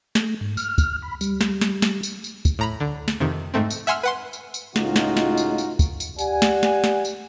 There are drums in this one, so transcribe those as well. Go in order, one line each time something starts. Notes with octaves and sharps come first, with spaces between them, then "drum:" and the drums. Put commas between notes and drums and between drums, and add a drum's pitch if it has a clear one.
A3, drum: snare
G#2
F6, drum: tambourine
drum: kick, tambourine
B5
G3, drum: tambourine
drum: snare
drum: snare
drum: snare
drum: tambourine
drum: tambourine
drum: kick, tambourine
A2 A#5 B5
D3
drum: snare
F2 C3 D#3
G#2 A3 C4
drum: tambourine
E5 F#5 G#5 C6 E6 F6
B4 F#5 C6
drum: tambourine
drum: tambourine
C#2 A2 G#3 D#4 F4 F#4, drum: snare
drum: snare
drum: snare
drum: tambourine
drum: tambourine
drum: kick, tambourine
drum: tambourine
G4 D5 F#5 G#5, drum: tambourine
drum: snare
drum: snare
drum: snare
drum: tambourine